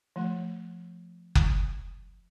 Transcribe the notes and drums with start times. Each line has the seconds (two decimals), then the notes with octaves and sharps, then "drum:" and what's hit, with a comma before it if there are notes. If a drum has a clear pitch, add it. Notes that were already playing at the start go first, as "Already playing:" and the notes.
0.16 F3 A3
1.35 drum: kick F#1